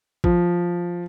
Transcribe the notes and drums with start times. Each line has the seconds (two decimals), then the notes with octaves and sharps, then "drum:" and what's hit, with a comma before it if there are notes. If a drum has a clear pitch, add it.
0.24 F3, drum: kick G#1